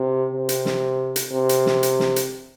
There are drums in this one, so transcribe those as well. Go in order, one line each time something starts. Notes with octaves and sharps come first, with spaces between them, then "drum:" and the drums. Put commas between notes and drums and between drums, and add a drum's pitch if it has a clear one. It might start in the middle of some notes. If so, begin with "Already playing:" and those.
Already playing: C3
C3
drum: hi-hat
drum: snare
drum: hi-hat
C3
drum: hi-hat
drum: snare
drum: hi-hat
drum: snare
drum: hi-hat